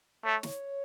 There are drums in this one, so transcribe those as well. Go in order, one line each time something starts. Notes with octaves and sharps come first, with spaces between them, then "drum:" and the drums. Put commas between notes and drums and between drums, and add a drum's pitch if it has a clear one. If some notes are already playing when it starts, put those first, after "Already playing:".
A3 C#5
drum: snare